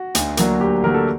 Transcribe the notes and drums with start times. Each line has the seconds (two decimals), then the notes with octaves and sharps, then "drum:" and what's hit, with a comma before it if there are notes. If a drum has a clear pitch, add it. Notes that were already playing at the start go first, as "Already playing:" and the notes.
Already playing: F#4
0.15 D2, drum: hi-hat
0.37 D3 F#3 A#3, drum: hi-hat
0.60 D2 G4
0.83 D3 F#3 A#3 A#4
0.94 A4